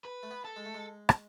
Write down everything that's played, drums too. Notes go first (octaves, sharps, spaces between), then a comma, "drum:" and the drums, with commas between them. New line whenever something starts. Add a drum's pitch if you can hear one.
B4
A3
B3
A4
G#3
A3
G#3
drum: rim click